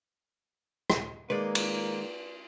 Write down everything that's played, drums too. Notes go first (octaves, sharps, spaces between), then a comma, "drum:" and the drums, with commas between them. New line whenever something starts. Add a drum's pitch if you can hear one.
drum: rim click
D#3 G#3 A#3 B4 D5
drum: cymbal